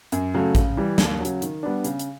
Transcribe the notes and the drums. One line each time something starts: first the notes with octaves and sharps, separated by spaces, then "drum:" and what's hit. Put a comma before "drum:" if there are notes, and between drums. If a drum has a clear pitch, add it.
F#2, drum: hi-hat
C#3 F#3 A3
C#3, drum: kick A1, hi-hat
E3 G3
D#2, drum: snare
F#3
C#3, drum: hi-hat
D#3, drum: hi-hat
G3 B3 D4
C#3, drum: hi-hat
drum: hi-hat